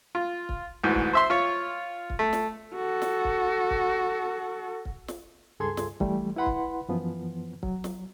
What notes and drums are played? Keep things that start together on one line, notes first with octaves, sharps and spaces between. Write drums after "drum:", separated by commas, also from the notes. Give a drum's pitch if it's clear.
F4
drum: kick C#1
D2 G#2 E3
drum: kick C#1
C5 E5 C6
F4 C#5
drum: kick C#1
A3
drum: snare
F#4 A4
drum: snare
drum: kick C#1
drum: kick C#1
drum: kick C#1
drum: snare
C#2 G2 G#4 A4 C6 G#6
drum: snare
E3 G3 A3, drum: kick C#1
E4 B4 F#5 B5 C6
drum: kick C#1
F#2 E3 F3 B3
F#3, drum: kick C#1
drum: snare